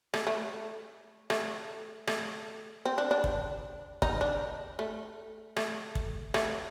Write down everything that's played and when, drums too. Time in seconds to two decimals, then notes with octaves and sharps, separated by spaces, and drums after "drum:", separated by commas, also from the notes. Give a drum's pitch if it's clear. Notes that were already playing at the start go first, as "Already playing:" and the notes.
0.14 A3, drum: rim click
0.27 A3
1.30 A3, drum: rim click
2.07 A3, drum: rim click
2.85 C4
2.98 D4
3.11 D4
3.24 drum: kick
4.02 D#4, drum: kick
4.21 D4
4.79 A3
5.57 A3, drum: rim click
5.95 drum: kick
6.34 A3, drum: rim click